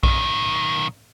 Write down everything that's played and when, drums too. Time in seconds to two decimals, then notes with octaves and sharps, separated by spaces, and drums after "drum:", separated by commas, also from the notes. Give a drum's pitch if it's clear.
0.03 B1 D#3, drum: kick A#1